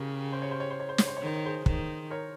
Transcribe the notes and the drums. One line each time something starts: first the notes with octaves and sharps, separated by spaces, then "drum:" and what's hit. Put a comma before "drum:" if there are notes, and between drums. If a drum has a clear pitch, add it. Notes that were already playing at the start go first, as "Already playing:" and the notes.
Already playing: C#3 G4 A#4
C5
C#5
C5
C#5
C5
C#5
C5
C#5, drum: snare
C5
C#5
D#3 C5
C#5
G#4 C5
D#3, drum: kick
A#4 C#5